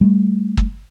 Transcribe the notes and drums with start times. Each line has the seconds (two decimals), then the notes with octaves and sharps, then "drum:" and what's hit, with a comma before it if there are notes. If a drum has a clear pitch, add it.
0.01 G3 A3
0.57 drum: kick